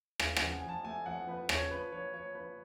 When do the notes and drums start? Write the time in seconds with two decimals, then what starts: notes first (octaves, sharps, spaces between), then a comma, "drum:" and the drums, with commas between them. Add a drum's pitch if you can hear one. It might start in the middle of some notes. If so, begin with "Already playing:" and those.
0.20 A3 F5, drum: rim click
0.36 F#5, drum: rim click
0.42 F2
0.52 G#5
0.63 F2
0.69 A5
0.84 A3 G#5
1.06 F2 F#5
1.27 F3 B4
1.49 F3 C#5, drum: rim click
1.70 F3 B4
1.92 F3 C#5
2.14 F3 C#5
2.35 F3 B4